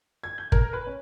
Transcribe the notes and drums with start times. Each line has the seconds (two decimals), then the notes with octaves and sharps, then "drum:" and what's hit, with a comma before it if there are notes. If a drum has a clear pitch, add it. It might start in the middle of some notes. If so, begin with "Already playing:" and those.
0.23 G#6
0.38 G6
0.52 A#4, drum: kick
0.73 B4
0.86 C#4